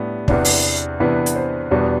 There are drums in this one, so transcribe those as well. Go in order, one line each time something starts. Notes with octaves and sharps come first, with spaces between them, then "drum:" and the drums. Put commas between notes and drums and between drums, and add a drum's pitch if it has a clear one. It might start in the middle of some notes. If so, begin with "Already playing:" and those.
Already playing: A2 G3 B3 D4
E2 C3 E3 B3 D4, drum: kick
drum: open hi-hat
E2 C3 E3 B3 D4 B4
drum: hi-hat
C5
E2 B2 G3 B3 D4